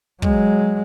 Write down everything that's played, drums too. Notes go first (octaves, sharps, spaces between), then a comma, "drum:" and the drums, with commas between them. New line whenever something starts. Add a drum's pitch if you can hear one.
F#3 G#3, drum: kick